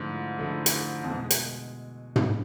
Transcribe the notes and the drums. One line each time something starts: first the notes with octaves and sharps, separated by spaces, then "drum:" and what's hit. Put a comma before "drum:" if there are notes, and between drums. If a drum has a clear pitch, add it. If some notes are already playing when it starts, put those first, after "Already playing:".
Already playing: G#2 D3 F3 A3 E4
D3 F3 A3 E4
drum: hi-hat
F2
B2 G#3
drum: hi-hat
drum: tom